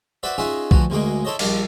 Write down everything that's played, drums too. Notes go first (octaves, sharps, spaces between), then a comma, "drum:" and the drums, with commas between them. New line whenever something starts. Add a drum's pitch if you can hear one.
F#4 B4 C5 D5 E5
C#4 D#4 F4 G#4 E5 F#5
D2 E3 F3 F#4, drum: kick B1
D2 B2 G#3 A#3 G#4 D6
E4 A4 C5 C#5 D#5
A#1 G3 D4 A#4 F5 D6, drum: cymbal